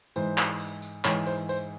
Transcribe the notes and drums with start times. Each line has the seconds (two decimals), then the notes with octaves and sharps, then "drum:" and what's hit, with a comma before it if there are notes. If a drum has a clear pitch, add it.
0.16 G#2 E3 C5, drum: tambourine
0.38 drum: clap
0.60 drum: tambourine
0.82 drum: tambourine
1.05 G#2 E3 C#5, drum: clap
1.27 C5, drum: tambourine
1.49 C5, drum: tambourine